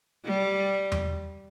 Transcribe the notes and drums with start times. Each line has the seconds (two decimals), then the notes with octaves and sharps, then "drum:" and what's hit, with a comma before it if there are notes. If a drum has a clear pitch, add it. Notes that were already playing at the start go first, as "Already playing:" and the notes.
0.25 G3
0.92 drum: tom E2